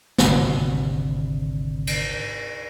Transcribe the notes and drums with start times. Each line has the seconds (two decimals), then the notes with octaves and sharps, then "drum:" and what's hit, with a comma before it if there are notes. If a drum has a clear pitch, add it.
0.18 G#1 D2 C3, drum: snare
1.87 drum: cymbal